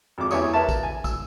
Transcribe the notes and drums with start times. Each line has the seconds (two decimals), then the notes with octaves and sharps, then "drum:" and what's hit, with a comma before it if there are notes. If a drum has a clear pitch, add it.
0.18 G#1 F2 D6
0.31 E2 E3 G4 C#5 C#6 D#6, drum: tambourine
0.54 A#4 B4 E5 A5
0.69 drum: kick, tambourine
0.83 G#5
1.04 E6, drum: kick, tambourine